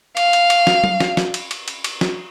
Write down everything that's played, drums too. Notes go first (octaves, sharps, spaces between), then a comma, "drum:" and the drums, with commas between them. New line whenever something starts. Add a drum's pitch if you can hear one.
F5, drum: cymbal
drum: cymbal
drum: cymbal
drum: snare
drum: tom F#3
drum: snare
drum: snare
drum: cymbal
drum: cymbal
drum: cymbal
drum: cymbal
drum: snare